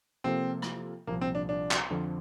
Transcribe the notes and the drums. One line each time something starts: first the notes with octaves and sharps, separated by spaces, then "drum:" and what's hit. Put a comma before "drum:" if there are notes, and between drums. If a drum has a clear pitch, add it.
C3 F3 A#3 C4 F4 A4
drum: rim click
C2 A#2 F3 A#3
C4
D4
D4
drum: clap
F2 D3 F3 C4